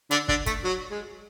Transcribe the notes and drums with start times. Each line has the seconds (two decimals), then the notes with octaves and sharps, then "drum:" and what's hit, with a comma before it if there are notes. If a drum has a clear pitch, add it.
0.11 D3 D4, drum: hi-hat
0.28 D3 D4, drum: kick
0.46 A3, drum: kick, hi-hat
0.64 F#3
0.91 G#3